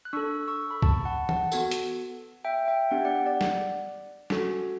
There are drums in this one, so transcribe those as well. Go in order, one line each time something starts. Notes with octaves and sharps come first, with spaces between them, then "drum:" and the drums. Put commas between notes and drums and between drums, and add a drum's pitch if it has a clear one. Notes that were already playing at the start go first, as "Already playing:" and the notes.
F#6
D4 A4 C#6 E6
C#6 E6
B5
A5 C#6, drum: kick C#2
F#5 A5
F#5 A5, drum: tom E3
B3 F#4 A4, drum: tambourine
drum: hi-hat
E5 G5
E5 G5
B3 D4 G4 F#5
G5
D5 F#5
D5 F#5
drum: snare
C#4 F#4 A4, drum: snare